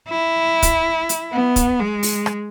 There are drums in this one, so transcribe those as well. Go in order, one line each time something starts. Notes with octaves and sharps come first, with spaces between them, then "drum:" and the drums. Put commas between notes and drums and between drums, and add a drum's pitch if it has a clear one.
E4
drum: kick, hi-hat
drum: hi-hat
B3
drum: kick, hi-hat
G#3
drum: open hi-hat
drum: rim click